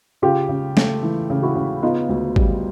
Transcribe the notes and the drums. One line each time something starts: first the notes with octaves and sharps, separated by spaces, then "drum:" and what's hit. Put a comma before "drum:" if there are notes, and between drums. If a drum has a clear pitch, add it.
C#3 F4 G4
C#3
A3, drum: snare
E3
C#3
E4 F#4
C#3
B3 D#4 F4
D2
G3, drum: kick G#1